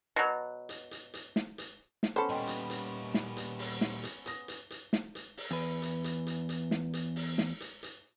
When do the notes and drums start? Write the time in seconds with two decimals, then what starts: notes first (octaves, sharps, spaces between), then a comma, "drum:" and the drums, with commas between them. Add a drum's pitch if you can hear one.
0.16 B2 F#3
0.69 drum: hi-hat
0.91 drum: hi-hat
1.14 drum: hi-hat
1.36 drum: snare
1.58 drum: hi-hat
2.03 drum: snare
2.16 B3 C#4 A4 C5 F#5 B5
2.29 A#2 G3 D#5 G5 C6
2.47 drum: hi-hat
2.70 drum: hi-hat
3.14 drum: snare
3.37 drum: hi-hat
3.59 drum: open hi-hat
3.81 drum: snare
4.04 drum: hi-hat
4.26 D#6 A#6, drum: hi-hat
4.48 drum: hi-hat
4.70 drum: hi-hat
4.93 drum: snare
5.15 drum: hi-hat
5.37 drum: open hi-hat
5.51 E2 B4
5.82 drum: hi-hat
6.04 drum: hi-hat
6.27 drum: hi-hat
6.49 drum: hi-hat
6.71 drum: snare
6.94 drum: hi-hat
7.16 drum: open hi-hat
7.38 drum: snare
7.60 drum: hi-hat
7.83 drum: hi-hat